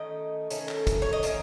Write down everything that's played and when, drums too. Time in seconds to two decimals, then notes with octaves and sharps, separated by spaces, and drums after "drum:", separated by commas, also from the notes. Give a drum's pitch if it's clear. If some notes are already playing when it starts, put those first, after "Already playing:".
Already playing: D#3 A3 C#4 D#5
0.50 D#3 A3 C#4, drum: hi-hat
0.69 drum: clap
0.87 drum: kick, hi-hat
1.02 C#5
1.13 D#5
1.23 D#3 A3 C#4 F5, drum: hi-hat